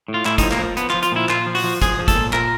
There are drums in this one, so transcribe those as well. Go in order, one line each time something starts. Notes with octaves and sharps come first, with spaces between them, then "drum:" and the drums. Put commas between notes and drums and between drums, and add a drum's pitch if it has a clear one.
A2
F4
A2 E4, drum: clap
D#4, drum: kick, hi-hat
F3
A#3, drum: clap
F3
F3 B3, drum: hi-hat
F4, drum: clap
F3
F4, drum: hi-hat
A#2 E4
A#2 F4, drum: clap
F3
F#4, drum: open hi-hat
F3
F3 G#4, drum: kick, hi-hat
F3
A4, drum: kick, hi-hat
A#2
A#2 A#4, drum: clap